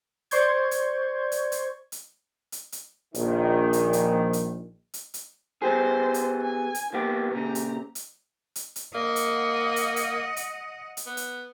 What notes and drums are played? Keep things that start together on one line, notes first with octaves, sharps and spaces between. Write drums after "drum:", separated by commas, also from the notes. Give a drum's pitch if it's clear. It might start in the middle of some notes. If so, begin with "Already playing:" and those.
C5 D5 C6 C#6 G6 G#6, drum: hi-hat
drum: hi-hat
drum: hi-hat
drum: hi-hat
drum: hi-hat
drum: hi-hat
drum: hi-hat
A#1 D#3, drum: hi-hat
drum: hi-hat
drum: hi-hat
drum: hi-hat
drum: hi-hat
drum: hi-hat
B3 G4 G#4 C5
drum: hi-hat
G#5
drum: hi-hat
A#3 B3 D#4 G4
A#2 C#3 G4 A#5
drum: hi-hat
drum: hi-hat
drum: hi-hat
drum: hi-hat
A#3 D#5 F#5
drum: hi-hat
drum: hi-hat
drum: hi-hat
drum: hi-hat
drum: hi-hat
B3
drum: hi-hat